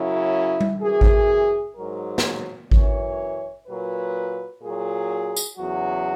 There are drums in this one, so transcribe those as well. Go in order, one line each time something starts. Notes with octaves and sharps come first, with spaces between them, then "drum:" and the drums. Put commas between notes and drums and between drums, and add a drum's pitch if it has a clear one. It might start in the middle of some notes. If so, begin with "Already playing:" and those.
Already playing: F#2 C#3 F#3 E4
drum: tom G3
F#2 E3 G#4
drum: kick G#1
G#2 F#3 A#4
drum: snare
F#2 E3 C#5, drum: kick G#1
A#2 F#3 B4
A#2 F#3 G#4
drum: tambourine
E2 C#3 F#3 F#4